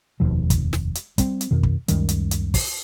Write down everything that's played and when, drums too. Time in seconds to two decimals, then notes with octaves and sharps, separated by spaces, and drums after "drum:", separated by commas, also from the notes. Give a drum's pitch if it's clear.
0.20 F1 D#2 B2 F3
0.50 drum: kick, hi-hat
0.73 drum: snare
0.95 drum: hi-hat
1.18 G3 C4, drum: kick, hi-hat
1.41 drum: hi-hat
1.51 F2 B2 D#3
1.63 drum: kick
1.88 C#2 F#2 D#3 G3, drum: hi-hat
2.09 drum: hi-hat
2.31 drum: hi-hat
2.54 drum: kick, open hi-hat